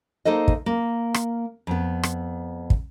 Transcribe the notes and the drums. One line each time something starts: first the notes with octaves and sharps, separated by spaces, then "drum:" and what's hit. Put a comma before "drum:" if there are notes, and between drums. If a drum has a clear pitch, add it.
A#3 D#4 A4 C5 D#5
drum: kick
A#3
drum: rim click
F2 B3
drum: rim click
drum: kick